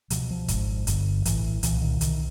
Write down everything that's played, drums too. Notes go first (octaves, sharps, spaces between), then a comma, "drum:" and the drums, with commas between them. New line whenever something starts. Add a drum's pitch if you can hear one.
C#2 B2 F3, drum: hi-hat
F3
G#1 G#2, drum: kick C#1, hi-hat
G1 G2 D3, drum: hi-hat
A#1 A2 E3, drum: hi-hat
C2 A#2 E3, drum: hi-hat
D#3
C2 C3 D#3, drum: hi-hat